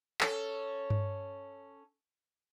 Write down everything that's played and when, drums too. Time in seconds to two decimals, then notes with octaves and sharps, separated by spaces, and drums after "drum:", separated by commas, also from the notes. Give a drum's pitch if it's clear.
0.21 C#4 A4, drum: clap
0.90 drum: tom G2